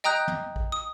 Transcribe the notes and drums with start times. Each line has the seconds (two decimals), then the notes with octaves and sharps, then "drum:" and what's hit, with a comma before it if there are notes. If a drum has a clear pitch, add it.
0.04 D#5 G5 A#5 D#6 F#6 G6
0.28 drum: tom
0.56 drum: kick A#1
0.72 D#6